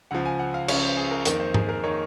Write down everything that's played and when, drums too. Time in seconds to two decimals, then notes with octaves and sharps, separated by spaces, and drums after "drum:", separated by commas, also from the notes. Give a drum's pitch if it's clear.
0.11 C#2 C#3 F3 F#5
0.25 G#5
0.39 F#5
0.54 F5
0.68 C#2 C#3 F3 C#5, drum: cymbal
0.83 C5
0.97 G#4
1.11 A#4
1.25 F2 D#3 A#3 D#4 A#4, drum: hi-hat
1.40 C5
1.54 G#4, drum: tom G#2
1.69 A#4
1.83 D#3 A#3 D#4 C#5